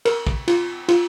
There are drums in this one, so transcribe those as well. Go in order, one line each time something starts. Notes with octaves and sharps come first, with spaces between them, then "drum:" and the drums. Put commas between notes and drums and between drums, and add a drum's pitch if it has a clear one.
A#4, drum: cymbal
drum: kick
F4, drum: cymbal
F4, drum: cymbal